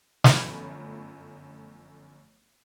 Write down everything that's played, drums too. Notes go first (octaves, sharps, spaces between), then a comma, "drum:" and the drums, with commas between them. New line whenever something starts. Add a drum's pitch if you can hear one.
G1 F#2 F3 A3 B5, drum: snare